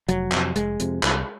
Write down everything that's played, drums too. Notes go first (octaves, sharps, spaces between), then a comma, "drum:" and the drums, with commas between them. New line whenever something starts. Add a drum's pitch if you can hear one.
F1 F#3, drum: hi-hat
F2 C3, drum: clap
F1 G#3, drum: hi-hat
F2 C3, drum: hi-hat
C2, drum: clap